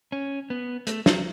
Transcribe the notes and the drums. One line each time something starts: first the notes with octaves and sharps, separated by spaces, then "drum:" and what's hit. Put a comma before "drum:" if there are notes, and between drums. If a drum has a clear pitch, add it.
C#4
B3
A3, drum: hi-hat
F#3, drum: snare